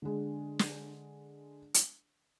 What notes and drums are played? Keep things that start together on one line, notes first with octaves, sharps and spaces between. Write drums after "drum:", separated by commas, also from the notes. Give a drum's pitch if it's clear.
D3 G#3
drum: snare
drum: hi-hat